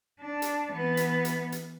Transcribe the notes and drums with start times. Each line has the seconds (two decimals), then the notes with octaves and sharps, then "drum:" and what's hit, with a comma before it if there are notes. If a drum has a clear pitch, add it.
0.20 D4
0.42 drum: hi-hat
0.70 E3 B3
0.97 drum: hi-hat
1.25 drum: hi-hat
1.52 drum: hi-hat